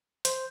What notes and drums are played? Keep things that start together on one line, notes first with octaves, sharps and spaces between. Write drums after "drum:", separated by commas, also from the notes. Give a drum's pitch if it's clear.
C5, drum: hi-hat